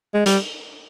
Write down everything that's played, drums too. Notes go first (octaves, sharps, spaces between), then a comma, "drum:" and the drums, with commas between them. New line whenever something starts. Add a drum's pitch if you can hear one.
G#3
G3, drum: hi-hat